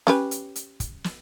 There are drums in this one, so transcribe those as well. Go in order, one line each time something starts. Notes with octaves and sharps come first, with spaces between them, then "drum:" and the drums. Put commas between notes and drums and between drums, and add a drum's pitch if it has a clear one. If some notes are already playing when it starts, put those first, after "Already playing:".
C#4 G4 B4, drum: snare
drum: hi-hat
drum: hi-hat
drum: kick, hi-hat
drum: snare